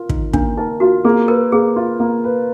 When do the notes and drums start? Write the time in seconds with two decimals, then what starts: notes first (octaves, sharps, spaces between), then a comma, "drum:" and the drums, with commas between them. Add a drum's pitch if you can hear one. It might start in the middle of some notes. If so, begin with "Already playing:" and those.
Already playing: F4 A#4
0.09 D#3, drum: kick
0.33 A#3 D4, drum: kick
0.57 D#4 A#4
0.80 F4 F#4
1.04 A#3 G#4
1.28 A#4 B4
1.52 A#3 G#4
1.76 F4
2.00 A#3
2.24 B4